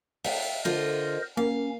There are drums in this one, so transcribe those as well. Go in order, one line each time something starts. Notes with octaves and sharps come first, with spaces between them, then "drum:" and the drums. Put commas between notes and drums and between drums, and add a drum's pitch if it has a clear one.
E5 F5 G5, drum: open hi-hat
D3 F4 A#4 C5 D#5
A#3 C#4 F5